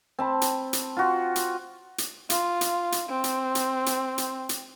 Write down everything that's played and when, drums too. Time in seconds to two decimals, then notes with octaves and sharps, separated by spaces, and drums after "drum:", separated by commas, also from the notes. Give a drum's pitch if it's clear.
0.19 C4 A5 B5
0.41 drum: hi-hat
0.73 drum: hi-hat
0.97 F4 F#4
1.36 drum: hi-hat
1.98 drum: hi-hat
2.30 F4, drum: hi-hat
2.61 drum: hi-hat
2.92 drum: hi-hat
3.09 C4
3.24 drum: hi-hat
3.55 drum: hi-hat
3.86 drum: hi-hat
4.18 drum: hi-hat
4.49 drum: hi-hat